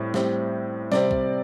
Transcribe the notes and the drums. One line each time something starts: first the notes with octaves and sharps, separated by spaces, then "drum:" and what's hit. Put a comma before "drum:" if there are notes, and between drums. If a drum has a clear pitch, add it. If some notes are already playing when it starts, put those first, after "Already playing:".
Already playing: A2 G3 C4
A2 G3 C4, drum: snare
C3 G3 C4 D5, drum: snare
drum: kick B1